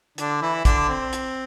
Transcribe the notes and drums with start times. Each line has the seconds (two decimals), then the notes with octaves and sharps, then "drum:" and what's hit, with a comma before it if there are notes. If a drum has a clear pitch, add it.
0.18 D3 D4, drum: hi-hat
0.42 E3 E4
0.65 D3 D4, drum: kick, hi-hat
0.89 C4
1.13 drum: hi-hat